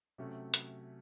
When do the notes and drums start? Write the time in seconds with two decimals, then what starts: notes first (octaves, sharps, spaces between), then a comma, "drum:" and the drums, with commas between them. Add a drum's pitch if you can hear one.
0.18 C3 F#3 A3 C#4
0.54 drum: hi-hat